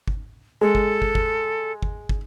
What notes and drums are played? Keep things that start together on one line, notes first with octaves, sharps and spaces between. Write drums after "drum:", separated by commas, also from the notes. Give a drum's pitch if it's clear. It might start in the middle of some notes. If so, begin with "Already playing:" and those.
drum: kick
G#3 A4
drum: kick
drum: kick
drum: kick
drum: kick
drum: kick